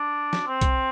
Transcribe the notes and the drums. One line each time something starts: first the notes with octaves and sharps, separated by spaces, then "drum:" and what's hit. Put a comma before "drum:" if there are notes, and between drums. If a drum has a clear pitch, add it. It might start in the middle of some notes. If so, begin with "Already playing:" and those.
Already playing: D4
drum: snare
C4
drum: kick B1, hi-hat